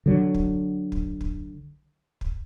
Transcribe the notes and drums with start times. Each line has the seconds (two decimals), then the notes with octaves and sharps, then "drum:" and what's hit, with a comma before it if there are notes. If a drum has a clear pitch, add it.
0.06 D3 F#3
0.34 drum: kick
0.92 drum: kick
1.21 drum: kick
2.21 drum: kick